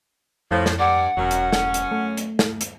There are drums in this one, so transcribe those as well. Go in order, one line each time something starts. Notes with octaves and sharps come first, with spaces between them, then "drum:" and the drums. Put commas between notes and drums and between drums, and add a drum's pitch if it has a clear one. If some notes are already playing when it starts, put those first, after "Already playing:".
F2 A2 F3
drum: snare
G2 D5 F#5
E1 F#2 F#3
drum: hi-hat
F#2 C#4, drum: snare
drum: hi-hat
A3
drum: hi-hat
drum: snare
drum: hi-hat